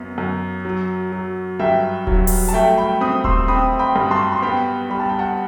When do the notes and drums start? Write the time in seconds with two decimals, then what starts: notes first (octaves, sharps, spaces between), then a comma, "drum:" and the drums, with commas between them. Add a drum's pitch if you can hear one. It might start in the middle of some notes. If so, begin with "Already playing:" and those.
Already playing: F#2 B3
0.18 F#2
0.65 F#3
1.12 F#3
1.59 G2 E5 G5
2.07 F#3, drum: kick D#1
2.27 drum: open hi-hat
2.48 A5
2.53 A3 E5 G5
2.78 G5 B5
3.00 C4 B5 D#6
3.24 C6 E6, drum: kick D#1
3.48 C4 B5 D#6
3.79 G5 B5
3.96 G2
4.11 A5 C6
4.32 C6
4.42 B3 G5 B5
4.90 G3 B5
5.00 A5
5.09 G5
5.19 F#5 A5